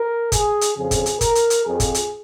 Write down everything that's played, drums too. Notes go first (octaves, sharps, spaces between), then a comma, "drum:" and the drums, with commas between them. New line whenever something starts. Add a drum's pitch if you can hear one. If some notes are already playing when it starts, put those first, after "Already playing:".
Already playing: A#4
G#4, drum: kick G1, hi-hat
drum: hi-hat
F2 C#3 F3 G#4
drum: kick G1, hi-hat
drum: hi-hat
A#4, drum: kick G1, hi-hat
drum: hi-hat
drum: hi-hat
F2 F3 G#4
drum: kick G1, hi-hat
drum: hi-hat